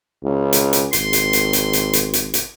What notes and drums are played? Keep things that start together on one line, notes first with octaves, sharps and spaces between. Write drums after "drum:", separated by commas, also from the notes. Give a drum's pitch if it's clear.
C#2
drum: hi-hat
drum: hi-hat
G#1 C6, drum: hi-hat
drum: hi-hat
drum: hi-hat
drum: hi-hat
drum: hi-hat
drum: hi-hat
drum: hi-hat
drum: hi-hat